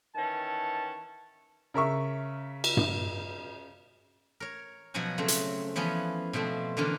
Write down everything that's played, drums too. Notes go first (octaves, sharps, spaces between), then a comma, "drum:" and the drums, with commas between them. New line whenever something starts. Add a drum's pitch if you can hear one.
D#3 E3 C#4 A5
C#3 A#4 E5 C#6
drum: cymbal
drum: tom G2
A#4 C#5
B2 F3 F#3 F#4 F#5 G#5
C#3 F#3 A3 C4
drum: hi-hat
E3 F3 B3 C#4
B2 F3 A3 C4
D3 E3 A#3 C#4 F4